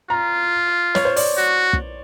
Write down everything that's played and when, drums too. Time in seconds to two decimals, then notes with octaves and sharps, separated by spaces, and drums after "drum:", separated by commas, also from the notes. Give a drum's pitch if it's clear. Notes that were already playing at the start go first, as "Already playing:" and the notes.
0.10 F4 A#5
0.95 C#5, drum: snare
1.05 C5
1.16 D5, drum: open hi-hat
1.37 F#4
1.73 drum: kick